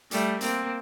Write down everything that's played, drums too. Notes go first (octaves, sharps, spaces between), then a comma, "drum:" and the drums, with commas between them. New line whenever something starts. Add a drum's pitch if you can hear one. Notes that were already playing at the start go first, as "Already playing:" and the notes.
G3 A3, drum: hi-hat
A#3 C4, drum: hi-hat